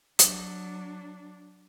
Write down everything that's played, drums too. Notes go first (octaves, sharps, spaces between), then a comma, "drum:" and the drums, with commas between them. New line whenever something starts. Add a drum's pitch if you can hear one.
F#3 D4, drum: hi-hat